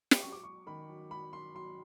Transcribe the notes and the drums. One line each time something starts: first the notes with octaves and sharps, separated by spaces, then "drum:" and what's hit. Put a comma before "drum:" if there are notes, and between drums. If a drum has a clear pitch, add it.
drum: snare
F#3 C#6
D6
F#3 C#6
D#3 B5
F#3
F#3 B5
F#3 C6
F#3 C6